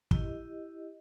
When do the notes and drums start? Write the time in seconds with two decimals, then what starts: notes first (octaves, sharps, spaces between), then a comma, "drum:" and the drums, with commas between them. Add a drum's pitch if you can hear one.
0.11 E4 G4 D#5, drum: kick